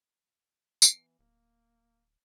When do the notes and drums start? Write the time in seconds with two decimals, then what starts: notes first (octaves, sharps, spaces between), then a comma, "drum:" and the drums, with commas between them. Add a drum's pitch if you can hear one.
0.82 E3 B3, drum: tambourine
1.19 D1 A#3